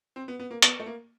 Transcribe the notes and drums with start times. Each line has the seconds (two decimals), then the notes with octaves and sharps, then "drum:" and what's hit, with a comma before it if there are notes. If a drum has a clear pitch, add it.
0.16 C4
0.28 B3
0.40 B3
0.51 A#3
0.62 B3, drum: hi-hat
0.80 A3
0.86 A#3